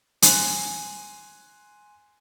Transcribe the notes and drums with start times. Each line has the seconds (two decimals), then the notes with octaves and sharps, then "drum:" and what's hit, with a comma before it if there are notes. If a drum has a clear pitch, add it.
0.22 G#5 C6 F#6, drum: hi-hat